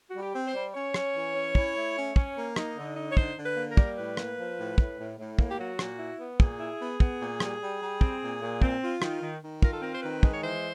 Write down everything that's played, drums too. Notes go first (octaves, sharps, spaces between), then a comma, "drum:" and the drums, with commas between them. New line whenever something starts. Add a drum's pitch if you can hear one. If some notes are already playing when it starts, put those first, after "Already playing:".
G3 F#4
G4
C4
C5
G3
C#4 C#5
C#4, drum: rim click
E3
C#4
E4, drum: kick
A3
C#4
C#4, drum: kick
A#3
D#4, drum: rim click
D3
D#4
C#5
D3 C5, drum: kick
D3
B4
A#3
A#4
G3, drum: kick
A2 B4
A#3, drum: rim click
F3
A2
A2, drum: kick
A2
A2
A#3, drum: kick
G4
F#3 F#4
A#2, drum: rim click
E4
B3
A#2 G#4, drum: kick
E4
B3
B3, drum: kick
A#2
G3, drum: rim click
G3
G3
C4, drum: kick
A#2
A#2
C4, drum: kick
F4
D#3, drum: rim click
D#3
D#3
F4 A#4, drum: kick
A4
C4 A#4
C5
D#3 B4
G#3, drum: kick
C#5
E3 C5